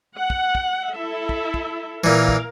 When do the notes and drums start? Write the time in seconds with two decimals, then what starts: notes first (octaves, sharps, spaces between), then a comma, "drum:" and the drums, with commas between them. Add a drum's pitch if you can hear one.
0.15 F#5
0.30 drum: kick
0.55 drum: kick
0.93 E4 A4 E5
1.29 drum: kick
1.54 drum: kick
2.04 A#2 E3 A#4 F5
2.28 drum: kick